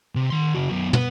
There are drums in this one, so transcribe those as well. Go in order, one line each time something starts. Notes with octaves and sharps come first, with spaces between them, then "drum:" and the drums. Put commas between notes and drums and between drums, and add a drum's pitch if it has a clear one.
C3
D#3 C6
C#3 F#4
F#2 B3
B3, drum: tom